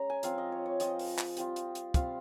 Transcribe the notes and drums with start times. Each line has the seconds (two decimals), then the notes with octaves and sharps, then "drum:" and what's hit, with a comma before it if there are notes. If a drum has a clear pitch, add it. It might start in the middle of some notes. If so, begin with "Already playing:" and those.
Already playing: G#3 C#4 A#5
0.10 G#5
0.23 F3 C4 F4 F5, drum: hi-hat
0.38 D#5
0.52 C#5
0.66 C#5
0.80 F3 C4 F4 D#5, drum: hi-hat
0.99 drum: open hi-hat
1.18 drum: clap
1.37 G3 C4 F4, drum: hi-hat
1.56 drum: hi-hat
1.75 drum: hi-hat
1.94 G3 C4 F4 F5, drum: kick, hi-hat